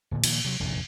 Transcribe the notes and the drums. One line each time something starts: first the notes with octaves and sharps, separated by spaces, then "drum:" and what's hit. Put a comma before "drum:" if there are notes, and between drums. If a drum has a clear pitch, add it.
D1 A#2 D3
A#2 D#3 F3, drum: cymbal
C3 F#3
F1 A#1 E2 G#2